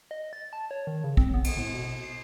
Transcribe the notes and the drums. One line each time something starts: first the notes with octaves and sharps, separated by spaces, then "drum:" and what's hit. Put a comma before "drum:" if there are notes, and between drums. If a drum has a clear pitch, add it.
D#5
A6
A5
C#5
D#3
C#3
C4, drum: kick
B3
drum: cymbal
A2
B2
C7